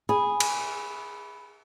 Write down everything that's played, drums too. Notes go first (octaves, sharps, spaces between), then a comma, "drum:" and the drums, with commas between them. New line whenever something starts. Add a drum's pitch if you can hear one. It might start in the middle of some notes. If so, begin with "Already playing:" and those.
G#4 B5
drum: cymbal